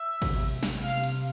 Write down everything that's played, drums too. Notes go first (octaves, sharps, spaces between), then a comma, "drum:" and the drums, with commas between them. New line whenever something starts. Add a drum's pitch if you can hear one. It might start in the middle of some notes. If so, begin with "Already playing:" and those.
Already playing: E5
C3, drum: kick G#1, cymbal
drum: snare
C3 F5
drum: cymbal